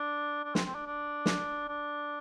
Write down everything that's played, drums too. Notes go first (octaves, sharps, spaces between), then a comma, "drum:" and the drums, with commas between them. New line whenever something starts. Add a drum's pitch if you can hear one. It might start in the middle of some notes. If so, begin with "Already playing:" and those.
Already playing: D4
D4
C4, drum: snare
C4
D4
D4
drum: snare
D4